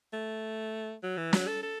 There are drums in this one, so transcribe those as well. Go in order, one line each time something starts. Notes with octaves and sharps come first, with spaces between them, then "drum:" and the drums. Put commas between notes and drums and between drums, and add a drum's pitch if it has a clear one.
A3
F#3
E3
F#3, drum: snare
A4
A4